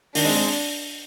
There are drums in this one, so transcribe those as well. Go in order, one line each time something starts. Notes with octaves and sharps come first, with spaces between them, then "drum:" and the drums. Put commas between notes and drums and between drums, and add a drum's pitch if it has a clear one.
D#3 D4, drum: open hi-hat
G#3 C4
G#3 C4